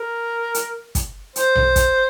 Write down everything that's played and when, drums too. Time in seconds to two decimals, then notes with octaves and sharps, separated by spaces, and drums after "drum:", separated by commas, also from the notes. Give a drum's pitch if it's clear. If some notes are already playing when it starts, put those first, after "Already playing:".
Already playing: A#4
0.54 drum: hi-hat
0.95 drum: kick, hi-hat
1.36 C5, drum: hi-hat
1.55 drum: tom B1
1.76 drum: kick, hi-hat